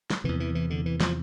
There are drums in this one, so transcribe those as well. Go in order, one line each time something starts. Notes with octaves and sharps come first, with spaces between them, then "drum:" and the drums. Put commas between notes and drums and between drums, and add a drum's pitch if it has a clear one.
drum: snare
E2 C3 E3
E3
E3
D3
E3
F3, drum: snare